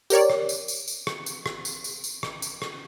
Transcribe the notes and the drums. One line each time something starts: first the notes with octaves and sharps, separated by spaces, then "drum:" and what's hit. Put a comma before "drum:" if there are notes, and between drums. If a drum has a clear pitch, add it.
G4 A#4 C#5 D5, drum: tambourine
drum: rim click
drum: tambourine
drum: tambourine
drum: tambourine
drum: rim click
drum: tambourine
drum: rim click
drum: tambourine
drum: tambourine
drum: tambourine
drum: rim click
drum: tambourine
drum: rim click